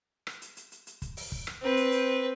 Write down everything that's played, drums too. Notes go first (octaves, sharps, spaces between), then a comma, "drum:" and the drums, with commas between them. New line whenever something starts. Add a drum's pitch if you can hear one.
drum: rim click
drum: hi-hat
drum: hi-hat
drum: hi-hat
drum: hi-hat
drum: kick, hi-hat
drum: open hi-hat
drum: kick
drum: rim click
C4 B4
drum: hi-hat
drum: hi-hat